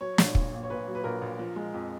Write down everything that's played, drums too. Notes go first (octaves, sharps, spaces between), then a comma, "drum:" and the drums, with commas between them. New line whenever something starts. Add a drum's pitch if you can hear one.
F#3 C#5
A#1, drum: snare
A#2, drum: kick
A#1
C#5
A#2 B4
F#3
B4
A#1 A#4
A#1
F3
G#3
F2